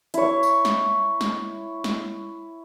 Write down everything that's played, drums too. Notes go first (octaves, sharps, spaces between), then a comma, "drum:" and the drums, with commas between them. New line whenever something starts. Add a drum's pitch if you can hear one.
E4 C#5, drum: hi-hat
drum: tambourine
drum: snare
drum: snare
drum: snare